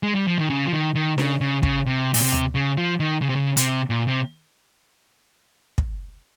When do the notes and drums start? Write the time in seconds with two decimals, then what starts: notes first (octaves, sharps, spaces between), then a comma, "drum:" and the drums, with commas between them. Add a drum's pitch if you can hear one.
0.03 G#3
0.15 G3
0.27 F3
0.38 D#3
0.50 C#3
0.66 F3
0.73 D#3
0.95 D#3
1.18 C#3, drum: snare D4
1.41 C#3
1.63 C#3, drum: kick
1.86 C3
2.14 A#2, drum: open hi-hat
2.20 C3
2.32 drum: tom D2
2.55 C#3
2.77 F3
3.00 D#3
3.22 C#3
3.29 C3
3.36 C#3
3.57 C3, drum: hi-hat
3.90 A#2
4.08 C3
5.78 drum: kick